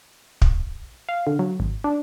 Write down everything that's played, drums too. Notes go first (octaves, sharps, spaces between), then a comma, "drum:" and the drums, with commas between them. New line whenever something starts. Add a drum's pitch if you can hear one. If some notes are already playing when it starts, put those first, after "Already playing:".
drum: kick
F5
D3
F#3
G#1
D4